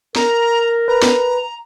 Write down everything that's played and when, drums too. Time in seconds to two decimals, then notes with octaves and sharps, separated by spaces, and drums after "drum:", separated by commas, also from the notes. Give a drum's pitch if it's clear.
0.16 A#4 A#5, drum: snare
0.88 B4 A#5
1.03 drum: snare